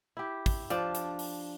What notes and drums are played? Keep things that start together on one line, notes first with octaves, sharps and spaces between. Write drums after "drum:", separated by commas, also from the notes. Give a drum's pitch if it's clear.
E4 G4
drum: kick, open hi-hat
F3 D4, drum: hi-hat
drum: hi-hat
drum: open hi-hat